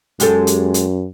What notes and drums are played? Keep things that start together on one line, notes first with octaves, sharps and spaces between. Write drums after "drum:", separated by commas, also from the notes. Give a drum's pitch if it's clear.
F#2 G#3 G4 A4, drum: hi-hat
drum: hi-hat
drum: hi-hat